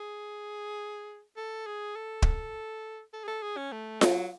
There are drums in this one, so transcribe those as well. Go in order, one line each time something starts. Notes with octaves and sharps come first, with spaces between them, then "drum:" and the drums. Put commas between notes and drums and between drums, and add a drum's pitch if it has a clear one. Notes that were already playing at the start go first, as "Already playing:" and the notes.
Already playing: G#4
A4
G#4
A4
drum: kick
A4
G#4
A4
G#4
C#4
A3
F#3, drum: snare F4